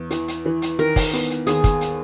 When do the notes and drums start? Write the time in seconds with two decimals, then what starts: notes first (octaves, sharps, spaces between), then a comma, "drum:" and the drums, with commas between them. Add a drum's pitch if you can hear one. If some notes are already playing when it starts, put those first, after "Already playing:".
Already playing: E2
0.10 E3, drum: hi-hat
0.28 drum: hi-hat
0.45 E3
0.62 drum: hi-hat
0.79 D#3 A#4
0.96 drum: kick, open hi-hat
1.13 B3, drum: hi-hat
1.30 drum: hi-hat
1.47 D#2 G#4, drum: hi-hat
1.64 drum: kick, hi-hat
1.81 drum: hi-hat